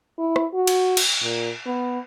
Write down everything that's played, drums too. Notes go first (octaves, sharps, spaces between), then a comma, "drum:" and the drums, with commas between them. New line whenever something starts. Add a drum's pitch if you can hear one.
E4
drum: rim click
F#4
drum: cymbal
drum: cymbal
A#2
B3